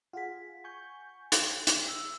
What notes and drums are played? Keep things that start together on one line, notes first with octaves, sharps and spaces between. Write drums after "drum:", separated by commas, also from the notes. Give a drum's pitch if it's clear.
F4 G#4 F#5 B6
G#5 C#6 G6
drum: hi-hat
drum: hi-hat
E6